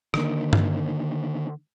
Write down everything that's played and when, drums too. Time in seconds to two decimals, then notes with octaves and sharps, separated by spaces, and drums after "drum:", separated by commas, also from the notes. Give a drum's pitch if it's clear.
0.14 D3 D#3 A#3, drum: rim click
0.53 drum: tom G2